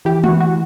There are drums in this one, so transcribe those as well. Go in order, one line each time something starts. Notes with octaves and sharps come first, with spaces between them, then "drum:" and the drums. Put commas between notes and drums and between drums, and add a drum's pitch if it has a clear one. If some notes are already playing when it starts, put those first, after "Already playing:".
E3 G4
E3 F#4, drum: tom G#3
F#4